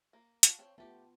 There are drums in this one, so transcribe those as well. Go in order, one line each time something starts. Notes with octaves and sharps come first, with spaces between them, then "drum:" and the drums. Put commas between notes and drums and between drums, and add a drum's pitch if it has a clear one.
A#3
F4 F#4 F5 A5, drum: hi-hat
C4 C#5 G5
A3 B3 F4 G4 A5